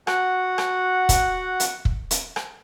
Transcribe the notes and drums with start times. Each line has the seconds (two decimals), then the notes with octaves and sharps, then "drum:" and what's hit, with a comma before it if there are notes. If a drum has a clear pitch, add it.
0.07 F#4 F#5, drum: rim click
0.58 drum: rim click
1.09 drum: kick, hi-hat
1.60 drum: hi-hat
1.85 drum: kick
2.11 drum: hi-hat
2.36 drum: rim click